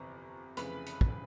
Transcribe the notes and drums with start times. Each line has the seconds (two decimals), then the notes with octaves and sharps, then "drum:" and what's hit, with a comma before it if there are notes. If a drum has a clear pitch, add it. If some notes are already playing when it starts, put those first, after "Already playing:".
Already playing: G1 F2 C3 E3 A#5
0.57 F1 F2 C#3 E3 A3 B4 B5, drum: hi-hat
0.86 drum: hi-hat
1.01 drum: kick